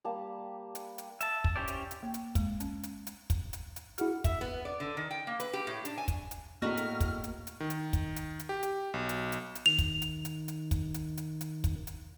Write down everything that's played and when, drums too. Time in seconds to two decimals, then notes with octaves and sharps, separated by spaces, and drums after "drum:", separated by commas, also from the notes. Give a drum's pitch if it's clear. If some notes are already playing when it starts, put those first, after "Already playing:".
0.05 G3 A#3 A5
0.75 drum: hi-hat
0.98 drum: hi-hat
1.21 E5 A5, drum: hi-hat
1.44 drum: kick
1.56 C#4 E4 G4 C5 D5
1.68 drum: hi-hat
1.91 drum: hi-hat
2.03 A#3
2.14 drum: hi-hat
2.35 G#3, drum: kick, hi-hat
2.60 C#4, drum: hi-hat
2.83 drum: hi-hat
3.07 drum: hi-hat
3.30 drum: kick, hi-hat
3.53 drum: hi-hat
3.76 drum: hi-hat
3.98 E4 F#4 G#4 F#5 F6, drum: hi-hat
4.24 E5, drum: kick, hi-hat
4.41 B3
4.65 D5
4.80 D3
4.97 D#3
5.11 G5
5.27 A#3
5.40 B4, drum: hi-hat
5.53 G4
5.67 A2
5.85 D4, drum: hi-hat
5.98 G#5
6.08 drum: kick, hi-hat
6.31 drum: hi-hat
6.62 E2 A2 A#3 F#4 D#5 A#5 F6 B6
6.77 drum: hi-hat
7.00 drum: kick, hi-hat
7.24 drum: hi-hat
7.47 drum: hi-hat
7.60 D#3
7.70 drum: hi-hat
7.93 drum: kick, hi-hat
8.16 drum: hi-hat
8.39 drum: hi-hat
8.49 G4
8.63 drum: hi-hat
8.94 B1
9.09 drum: hi-hat
9.32 drum: hi-hat
9.55 drum: hi-hat
9.66 D#3 F7
9.78 drum: kick, hi-hat
10.02 drum: hi-hat
10.25 drum: hi-hat
10.48 drum: hi-hat
10.71 drum: kick, hi-hat
10.94 drum: hi-hat
11.17 drum: hi-hat
11.41 drum: hi-hat
11.64 drum: kick, hi-hat
11.87 drum: hi-hat